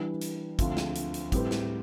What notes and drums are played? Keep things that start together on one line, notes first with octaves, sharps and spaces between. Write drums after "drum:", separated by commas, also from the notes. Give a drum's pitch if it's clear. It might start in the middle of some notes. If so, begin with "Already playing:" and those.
Already playing: E3 G3 D4
drum: hi-hat
D2 D3 F3 C4, drum: kick, hi-hat
drum: snare
drum: hi-hat
drum: hi-hat
A2 G3 C4 G4 B4, drum: kick, hi-hat
drum: snare